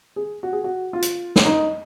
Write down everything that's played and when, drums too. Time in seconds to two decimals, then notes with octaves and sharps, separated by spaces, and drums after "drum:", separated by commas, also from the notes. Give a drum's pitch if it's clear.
0.16 G#4
0.43 F#4
0.53 G#4
0.64 F#4
0.93 F4
1.02 drum: hi-hat
1.36 C#4, drum: snare
1.45 D#4